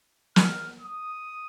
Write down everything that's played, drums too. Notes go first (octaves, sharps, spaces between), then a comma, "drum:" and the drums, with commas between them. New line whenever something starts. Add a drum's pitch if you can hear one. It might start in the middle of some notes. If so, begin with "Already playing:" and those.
F6, drum: snare
D#6